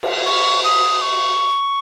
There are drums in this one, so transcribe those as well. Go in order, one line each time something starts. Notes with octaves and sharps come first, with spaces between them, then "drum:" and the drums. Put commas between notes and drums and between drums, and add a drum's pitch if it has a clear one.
drum: cymbal
C#6
D#6
C#6